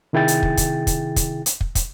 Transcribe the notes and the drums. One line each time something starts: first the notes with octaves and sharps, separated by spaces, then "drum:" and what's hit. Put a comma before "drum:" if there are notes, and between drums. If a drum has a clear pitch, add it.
C3 D#3 E4 G#4 G5 A6
drum: hi-hat
drum: kick
drum: kick, hi-hat
drum: kick, hi-hat
drum: kick, hi-hat
drum: hi-hat
drum: kick
drum: kick, hi-hat